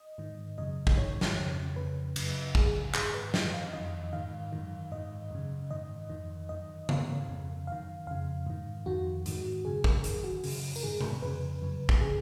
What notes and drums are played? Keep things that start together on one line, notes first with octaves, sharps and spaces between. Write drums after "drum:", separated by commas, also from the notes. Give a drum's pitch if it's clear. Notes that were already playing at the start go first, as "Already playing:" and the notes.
Already playing: D#5
G#2 D#3
F#2 C#3 D#5
drum: kick
G#2 D#3 C#5
drum: snare
F2 C#3
F2 C#3 B4
F#2 C#3, drum: cymbal
F#2 C#3 G#4, drum: kick
G#2 D#3 G#4, drum: clap
B4
F#2 D#3 D#5, drum: snare
F5
F2 D#3 D#5
G#2 D#3 F5
F#2 D#3
G#2 D#3 D#5
F#2 C#3
G#2 D#3 D#5
F2 D#3
F#2 D#3 D#5
G#2 D#3 F5, drum: tom C#3
F2 C#3
F#2 D#3 F5
F2 C#3 F5
G#2 D#3
F2 D#3 F#4
G#2 D#3, drum: hi-hat
F#2 C#3 G#4
A#4, drum: kick
F#2 D#3 G#4, drum: hi-hat
F#4
F#2 C#3, drum: open hi-hat
A#4, drum: tambourine
G#2 D#3 G#4
drum: tom C3
F2 C#3 B4
F#2 C#3
drum: kick
C#3 G#4